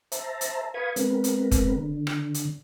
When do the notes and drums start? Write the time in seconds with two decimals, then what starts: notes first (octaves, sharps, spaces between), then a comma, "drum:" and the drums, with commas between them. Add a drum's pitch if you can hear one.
0.12 C5 E5 A5 A#5, drum: hi-hat
0.41 drum: hi-hat
0.74 B4 F5 B5 C#6 D#6 G#6
0.96 G#3 B3 C4 A#4 B4, drum: hi-hat
1.24 drum: hi-hat
1.51 drum: kick, hi-hat
1.76 D3
2.07 drum: rim click
2.34 drum: hi-hat